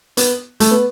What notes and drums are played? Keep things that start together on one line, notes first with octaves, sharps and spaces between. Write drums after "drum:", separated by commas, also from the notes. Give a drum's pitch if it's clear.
B3, drum: hi-hat
A3, drum: hi-hat
B3